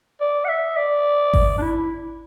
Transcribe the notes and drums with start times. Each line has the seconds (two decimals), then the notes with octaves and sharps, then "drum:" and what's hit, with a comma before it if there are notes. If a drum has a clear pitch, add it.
0.21 D5
0.44 F#5
0.49 E5
0.77 D5
1.34 drum: kick G#1
1.58 D4
1.62 E4